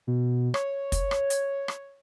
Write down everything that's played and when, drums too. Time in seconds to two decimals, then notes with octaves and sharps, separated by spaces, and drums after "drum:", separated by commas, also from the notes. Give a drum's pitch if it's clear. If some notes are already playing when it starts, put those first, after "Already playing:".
0.07 B2
0.54 C#5, drum: rim click
0.92 drum: kick, hi-hat
1.11 drum: rim click
1.30 drum: hi-hat
1.68 drum: rim click